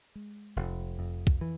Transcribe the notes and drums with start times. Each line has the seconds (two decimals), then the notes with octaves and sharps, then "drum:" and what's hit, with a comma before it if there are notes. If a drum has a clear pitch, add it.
0.15 G#3
0.56 F1
0.99 F2
1.27 drum: kick
1.41 E3